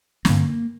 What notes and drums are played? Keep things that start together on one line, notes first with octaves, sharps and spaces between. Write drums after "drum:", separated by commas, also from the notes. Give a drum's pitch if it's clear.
C4, drum: snare
G2 D3 A#3